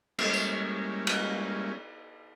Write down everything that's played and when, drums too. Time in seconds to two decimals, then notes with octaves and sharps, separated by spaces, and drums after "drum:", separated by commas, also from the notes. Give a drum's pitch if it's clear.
0.19 G3 G#3 A#3 C#4 E4, drum: cymbal
0.34 drum: tambourine
1.07 drum: cymbal